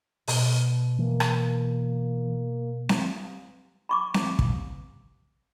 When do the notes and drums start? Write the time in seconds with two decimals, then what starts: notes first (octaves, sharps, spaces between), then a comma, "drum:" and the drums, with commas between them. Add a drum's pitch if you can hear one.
0.28 B2, drum: open hi-hat
0.99 E3 A#3
1.20 drum: rim click
2.89 drum: snare C4
3.89 B5 C#6 D6
4.14 drum: snare C4
4.39 drum: kick